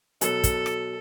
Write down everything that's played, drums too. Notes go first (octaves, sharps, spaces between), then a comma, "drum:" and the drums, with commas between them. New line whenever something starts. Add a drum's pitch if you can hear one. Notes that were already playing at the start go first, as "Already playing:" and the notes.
B2 F#3 A4, drum: hi-hat
drum: kick, hi-hat
drum: rim click